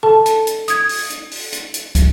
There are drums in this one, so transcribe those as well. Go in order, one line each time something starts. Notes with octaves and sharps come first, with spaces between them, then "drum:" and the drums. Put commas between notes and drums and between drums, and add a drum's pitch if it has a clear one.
A4 A5
drum: hi-hat
drum: hi-hat
D#6 G#6, drum: hi-hat
drum: open hi-hat
drum: hi-hat
drum: open hi-hat
drum: hi-hat
drum: hi-hat
drum: kick, hi-hat